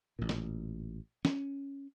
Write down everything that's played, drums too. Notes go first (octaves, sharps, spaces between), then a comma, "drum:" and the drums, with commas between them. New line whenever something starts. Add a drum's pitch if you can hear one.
A1 A#2
drum: snare
C#4, drum: snare